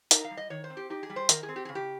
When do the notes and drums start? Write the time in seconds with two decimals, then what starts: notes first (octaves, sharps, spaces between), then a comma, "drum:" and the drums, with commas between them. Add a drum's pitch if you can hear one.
0.11 D#4 A#4, drum: hi-hat
0.25 F5
0.31 G3
0.37 D#5
0.50 D#3 C#5
0.64 C5
0.70 C4
0.77 G4
0.90 D#4 G4
1.03 G#4
1.10 G3
1.16 C5
1.29 D#3 A#4, drum: hi-hat
1.43 G#4
1.49 C4
1.56 G4
1.65 C#3 G#4
1.75 G4